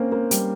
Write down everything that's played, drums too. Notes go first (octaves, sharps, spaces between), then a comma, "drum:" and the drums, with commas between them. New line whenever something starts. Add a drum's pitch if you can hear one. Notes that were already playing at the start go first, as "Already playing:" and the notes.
Already playing: A#3 C4 C#4
A#3
G3, drum: hi-hat